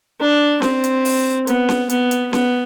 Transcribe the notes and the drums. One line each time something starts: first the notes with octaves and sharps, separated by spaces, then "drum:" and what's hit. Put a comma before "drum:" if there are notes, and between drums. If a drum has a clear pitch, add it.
D4
C4, drum: snare C#4
drum: hi-hat
drum: open hi-hat
B3, drum: hi-hat
drum: snare C#4
B3, drum: hi-hat
drum: hi-hat
B3, drum: snare C#4